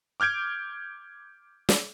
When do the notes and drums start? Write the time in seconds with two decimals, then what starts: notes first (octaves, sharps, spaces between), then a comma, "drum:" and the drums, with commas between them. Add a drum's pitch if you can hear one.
0.20 D6 F6 G6 G#6 D7
1.69 drum: snare